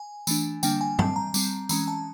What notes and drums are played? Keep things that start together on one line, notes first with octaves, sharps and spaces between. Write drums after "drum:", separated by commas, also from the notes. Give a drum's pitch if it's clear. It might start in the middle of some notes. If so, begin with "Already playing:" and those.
Already playing: G#5
E3 A3 D4, drum: tambourine
D3 G3 A#3 D4 G5, drum: tambourine
G#5
G3 C4 A5, drum: tom G2
A#5
G3 C4, drum: tambourine
E3 G#3 C#4 A#5, drum: tambourine
A5